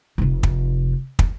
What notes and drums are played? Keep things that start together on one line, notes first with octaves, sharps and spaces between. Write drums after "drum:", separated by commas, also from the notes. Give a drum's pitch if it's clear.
F1 C3
drum: kick
drum: kick